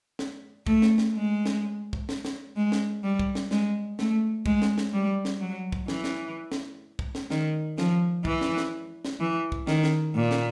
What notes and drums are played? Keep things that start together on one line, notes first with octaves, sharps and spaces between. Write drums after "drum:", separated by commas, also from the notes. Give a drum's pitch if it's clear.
drum: snare
A3, drum: kick
drum: snare
drum: snare
G#3
drum: snare
drum: kick
drum: snare
drum: snare
G#3
drum: snare
G3
drum: kick
drum: snare
G#3, drum: snare
A3, drum: snare
G#3, drum: kick
drum: snare
drum: snare
G3
drum: snare
F#3
drum: kick
E3, drum: snare
drum: snare
drum: snare
drum: kick
drum: snare
D#3, drum: snare
F3, drum: snare
E3, drum: kick
drum: snare
drum: snare
drum: snare
E3
drum: kick
D#3, drum: snare
drum: snare
A#2
drum: snare